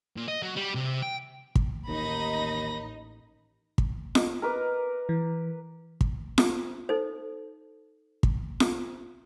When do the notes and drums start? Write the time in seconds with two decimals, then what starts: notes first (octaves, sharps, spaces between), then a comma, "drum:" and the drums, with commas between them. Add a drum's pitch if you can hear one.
0.17 A#2
0.28 D#5
0.43 F#3
0.56 G3
0.75 C3
1.02 G5
1.55 drum: kick
1.87 A1 D#2 D#4 D#5 B5 A#6
3.78 drum: kick
4.15 D#5, drum: snare F4
4.42 A#4 B4 D6
5.09 E3
6.01 drum: kick
6.38 drum: snare F4
6.89 D#4 A4 C5
8.23 drum: kick
8.60 drum: snare F4